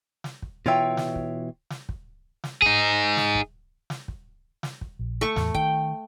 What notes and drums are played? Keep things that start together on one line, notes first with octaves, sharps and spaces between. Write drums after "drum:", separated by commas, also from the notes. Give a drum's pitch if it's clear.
drum: snare
drum: kick
B2 E3 F4 C#5 E5 G5
drum: snare
drum: kick
drum: snare
drum: kick
drum: snare
D#4 G#4, drum: kick
drum: snare
drum: kick
drum: snare
drum: kick
drum: snare
drum: kick
A#1
A3 C#6
E2 A2, drum: snare
D#3 G5, drum: kick